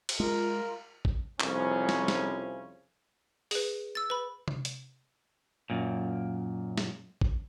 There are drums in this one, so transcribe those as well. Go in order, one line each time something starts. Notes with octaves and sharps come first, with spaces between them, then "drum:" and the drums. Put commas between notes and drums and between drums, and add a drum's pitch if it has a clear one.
drum: cymbal
G#3 F4 A#4
drum: kick A1
C2 F2 C#3 F3 C#4, drum: clap
drum: snare
drum: snare
G#4 B4, drum: open hi-hat
E6 A6
B4 B5
drum: tom C3
drum: hi-hat
F#2 A#2
drum: snare
drum: kick A1